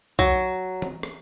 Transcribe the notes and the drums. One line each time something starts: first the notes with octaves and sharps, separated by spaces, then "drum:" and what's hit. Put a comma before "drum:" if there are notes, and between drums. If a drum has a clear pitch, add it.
F#3, drum: kick
drum: tom E3
drum: rim click